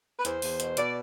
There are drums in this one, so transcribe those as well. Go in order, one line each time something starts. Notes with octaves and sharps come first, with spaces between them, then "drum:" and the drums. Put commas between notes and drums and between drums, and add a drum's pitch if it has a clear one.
B4
E2 C5, drum: hi-hat
E2, drum: open hi-hat
B2, drum: hi-hat
B2 D5, drum: hi-hat